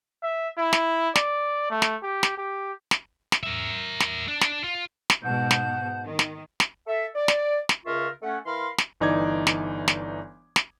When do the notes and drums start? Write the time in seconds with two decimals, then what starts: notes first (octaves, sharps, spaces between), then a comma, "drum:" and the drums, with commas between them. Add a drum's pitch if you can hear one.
0.22 E5
0.58 E4
0.73 drum: snare
1.15 D5, drum: snare
1.70 A3
1.82 drum: snare
2.03 G4
2.23 drum: snare
2.38 G4
2.91 drum: snare
3.32 drum: snare
3.43 A#4 E5
4.00 drum: snare
4.28 D4
4.41 drum: snare
4.64 F4
5.10 drum: snare
5.22 G#2 B2 F#5 A5 G6
5.51 drum: snare
6.05 D#3
6.19 drum: snare
6.60 drum: snare
6.87 A4 E5
7.15 D5
7.28 drum: snare
7.69 drum: snare
7.85 C#2 C#3 F4 A#4 E5 C#6
8.23 A3 C#4 F#5
8.45 E3 A#4 F5 B5 C6
8.78 drum: snare
9.00 G1 E3 D#4 D5 D6 G#6
9.47 drum: snare
9.88 drum: snare
10.56 drum: snare